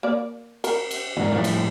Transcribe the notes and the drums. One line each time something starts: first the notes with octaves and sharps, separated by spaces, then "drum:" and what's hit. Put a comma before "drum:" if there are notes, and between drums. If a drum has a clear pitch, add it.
A#3 D5
A#4, drum: cymbal
drum: cymbal
E2 G#2 D3 A#4
A2 F3 G3 D4 E4 F4
drum: cymbal